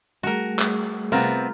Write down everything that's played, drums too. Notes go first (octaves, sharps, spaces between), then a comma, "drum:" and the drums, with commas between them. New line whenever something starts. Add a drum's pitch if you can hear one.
G3 A3 F#4 G#4 A#4
drum: clap
C3 B3 C4 F4 A#4